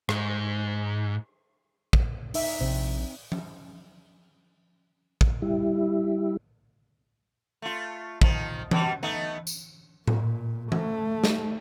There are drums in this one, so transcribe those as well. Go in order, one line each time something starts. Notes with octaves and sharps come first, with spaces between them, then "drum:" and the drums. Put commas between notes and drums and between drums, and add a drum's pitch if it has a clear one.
G#2, drum: rim click
drum: kick
D#4 E5, drum: open hi-hat
A#1 C3 C4
drum: tom F3
drum: kick
G3 E4
A3 F4
D#3 F3, drum: kick
B2 G3, drum: tom E3
A3 B3 D#4
drum: tambourine
A#2, drum: tom A2
A3, drum: tom E3
drum: snare